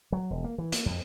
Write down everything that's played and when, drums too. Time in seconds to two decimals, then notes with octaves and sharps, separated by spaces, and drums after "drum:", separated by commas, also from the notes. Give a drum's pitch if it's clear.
0.12 F#3
0.30 E1
0.44 A#3
0.58 E3
0.72 A#3, drum: hi-hat
0.86 F2